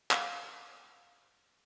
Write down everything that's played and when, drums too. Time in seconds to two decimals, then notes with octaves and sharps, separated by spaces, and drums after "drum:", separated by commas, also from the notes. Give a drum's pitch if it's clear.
0.11 F5 D6, drum: clap